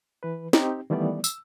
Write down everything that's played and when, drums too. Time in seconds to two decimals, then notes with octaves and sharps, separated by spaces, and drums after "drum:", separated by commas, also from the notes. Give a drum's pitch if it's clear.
0.23 E3 B4
0.53 C4 D#4 G4 G5, drum: snare
0.90 D#3 E3 G3 A3 B3 D5
1.24 E6, drum: tambourine